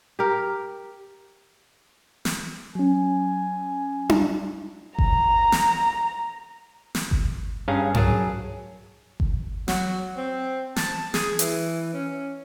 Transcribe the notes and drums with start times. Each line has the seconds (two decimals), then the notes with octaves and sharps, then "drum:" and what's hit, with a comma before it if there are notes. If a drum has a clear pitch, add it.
0.19 G4 A#4
2.25 drum: snare
2.75 F#3 C#4 G#5
4.09 drum: tom D4
4.99 A#5, drum: kick G1
5.52 drum: snare
6.95 drum: snare
7.11 drum: kick G1
7.68 G2 C#4 G#4 F5 A#5
7.94 F#3 G#4 A#4 A5, drum: tom G2
9.20 drum: kick G1
9.68 F#3, drum: snare
10.17 C4
10.76 A5, drum: snare
11.14 G#4, drum: snare
11.39 E3, drum: hi-hat
11.93 C#4